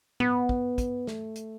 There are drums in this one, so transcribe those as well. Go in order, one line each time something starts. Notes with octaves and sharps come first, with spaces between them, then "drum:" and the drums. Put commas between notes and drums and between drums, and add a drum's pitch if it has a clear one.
B3, drum: tom A2
drum: kick
drum: kick, hi-hat
A3, drum: snare
drum: hi-hat